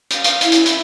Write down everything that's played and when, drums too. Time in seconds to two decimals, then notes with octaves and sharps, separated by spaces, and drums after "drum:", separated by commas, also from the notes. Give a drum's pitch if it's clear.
0.10 F5, drum: hi-hat
0.24 drum: hi-hat
0.41 E4, drum: hi-hat
0.52 drum: hi-hat
0.66 drum: hi-hat